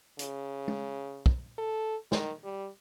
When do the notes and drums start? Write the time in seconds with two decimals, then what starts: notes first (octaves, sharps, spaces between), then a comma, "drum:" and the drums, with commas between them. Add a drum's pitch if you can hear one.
0.19 C#3, drum: hi-hat
0.68 drum: tom G#3
1.26 drum: kick
1.58 A4
2.12 D#3, drum: snare
2.44 G3